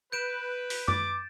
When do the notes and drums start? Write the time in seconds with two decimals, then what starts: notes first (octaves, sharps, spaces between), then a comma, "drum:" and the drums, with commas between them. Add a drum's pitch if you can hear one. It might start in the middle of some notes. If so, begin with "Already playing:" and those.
0.12 B4 G6 D7 E7
0.70 drum: open hi-hat
0.88 D6 A6, drum: tom F#2